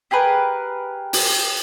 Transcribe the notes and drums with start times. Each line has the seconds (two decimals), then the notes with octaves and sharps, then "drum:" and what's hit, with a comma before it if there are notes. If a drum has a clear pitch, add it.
0.11 G4 G#4 A#4 B4
1.13 drum: open hi-hat